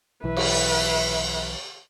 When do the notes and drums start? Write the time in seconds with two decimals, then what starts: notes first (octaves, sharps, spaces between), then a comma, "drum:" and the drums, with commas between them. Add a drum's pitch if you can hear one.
0.24 B1 E3 B4 E5
0.36 drum: cymbal